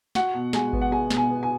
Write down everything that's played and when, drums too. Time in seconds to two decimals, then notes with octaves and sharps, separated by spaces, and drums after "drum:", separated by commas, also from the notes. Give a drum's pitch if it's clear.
0.15 F#4 F#5, drum: snare
0.34 B2
0.53 G#3 G#5, drum: snare
0.73 B3, drum: kick G#1
0.81 F#5
0.92 G#3 G#5
1.10 B2, drum: snare
1.17 G#5
1.30 B3
1.43 G#5